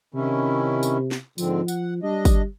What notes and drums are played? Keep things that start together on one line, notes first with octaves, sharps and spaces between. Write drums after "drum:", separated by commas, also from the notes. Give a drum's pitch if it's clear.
C3 D#3 C#4 E4
drum: tambourine
drum: snare
G#2 D3 F3 C4, drum: tambourine
F#5, drum: tambourine
G3 D4 D#5
drum: kick, tambourine